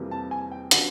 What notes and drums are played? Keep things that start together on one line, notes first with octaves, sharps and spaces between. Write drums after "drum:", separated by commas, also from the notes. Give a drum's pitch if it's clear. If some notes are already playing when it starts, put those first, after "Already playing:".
Already playing: F2 C3 E3 G3 A#3
A5
G#5
G5
D3 F#3 B3 F#5, drum: hi-hat